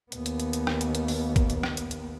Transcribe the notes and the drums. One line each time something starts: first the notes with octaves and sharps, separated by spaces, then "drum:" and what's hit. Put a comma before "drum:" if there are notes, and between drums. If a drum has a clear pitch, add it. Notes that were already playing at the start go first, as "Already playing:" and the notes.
D#2 B3, drum: hi-hat
drum: hi-hat
drum: hi-hat
drum: hi-hat
drum: rim click
drum: hi-hat
drum: hi-hat
drum: open hi-hat
drum: kick, hi-hat
drum: hi-hat
drum: rim click
drum: hi-hat
drum: hi-hat